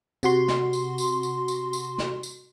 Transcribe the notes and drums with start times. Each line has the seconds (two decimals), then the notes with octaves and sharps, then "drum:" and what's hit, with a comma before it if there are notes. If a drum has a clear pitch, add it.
0.23 C3 F#4 C6, drum: tambourine
0.48 drum: snare
0.73 drum: tambourine
0.98 drum: tambourine
1.23 drum: tambourine
1.48 drum: tambourine
1.73 drum: tambourine
1.98 drum: snare
2.23 drum: tambourine